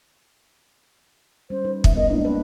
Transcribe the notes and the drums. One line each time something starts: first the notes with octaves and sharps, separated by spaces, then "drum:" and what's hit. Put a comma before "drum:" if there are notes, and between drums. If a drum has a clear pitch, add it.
G3 C#4 C5
G3 D#4 B4
E5, drum: kick
B3 A#4 D#5
G#3 A#3 D4 E4
C4 B4